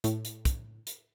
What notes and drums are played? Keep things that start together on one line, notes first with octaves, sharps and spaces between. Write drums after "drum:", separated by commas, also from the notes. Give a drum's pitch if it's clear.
A2, drum: hi-hat
drum: hi-hat
drum: kick, hi-hat
drum: hi-hat